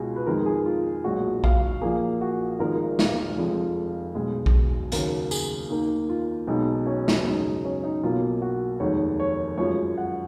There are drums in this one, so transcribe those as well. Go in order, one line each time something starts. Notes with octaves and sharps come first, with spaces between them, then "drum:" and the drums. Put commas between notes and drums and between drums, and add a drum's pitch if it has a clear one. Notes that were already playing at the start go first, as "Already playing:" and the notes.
Already playing: C#2 B2 G#3 F#4 G#4
B4
F2 D#3 G#3 A#4
G#4
F4
B1 A#2 G#3 F#4
F5, drum: kick A#1
A#1 A#2 F3 A#3 G#4
F#4
G#1 G#2 F3 G#3 A#4
F5, drum: snare
F1 F2 F3 G#3
B1 B2 G#3
drum: kick A#1
D#2 C#3 F#3 A#4, drum: hi-hat
G#4, drum: tambourine
D#2 D#3 A#3
F4
B1 B2 G#3 D#4
C#4
drum: snare
F#2 C#3 G#3 D#4
C#4
D#4
B1 B2 A#3 F4
F#4
F1 D#2 D#3 G#3 C#5
C#5
F#2 F3 G#3 C#5
F#5